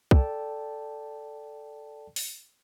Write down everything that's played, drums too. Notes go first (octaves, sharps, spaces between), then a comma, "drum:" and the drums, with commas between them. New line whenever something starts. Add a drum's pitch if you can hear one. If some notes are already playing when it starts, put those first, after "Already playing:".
A4 D5 G5 A5, drum: kick
drum: open hi-hat